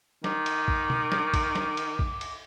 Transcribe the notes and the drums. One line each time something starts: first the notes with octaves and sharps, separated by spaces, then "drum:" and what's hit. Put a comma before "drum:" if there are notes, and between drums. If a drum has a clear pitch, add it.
D#3 D6, drum: snare
drum: cymbal
drum: kick
drum: tom B2
drum: snare
drum: kick, cymbal
drum: snare
drum: cymbal
drum: kick
drum: cymbal